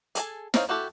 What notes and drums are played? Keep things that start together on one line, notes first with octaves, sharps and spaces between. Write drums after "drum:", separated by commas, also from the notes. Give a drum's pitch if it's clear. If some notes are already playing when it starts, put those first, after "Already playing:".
G#4 A4 D5 G#5 A5, drum: hi-hat
C4 D#4 C#5 E5 F5, drum: snare
E4 F#4 G4 A4